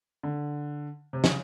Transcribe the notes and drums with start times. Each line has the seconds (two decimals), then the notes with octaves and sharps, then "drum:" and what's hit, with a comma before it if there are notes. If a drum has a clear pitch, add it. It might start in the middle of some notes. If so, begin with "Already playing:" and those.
0.23 D3
1.13 C3
1.24 C#3, drum: snare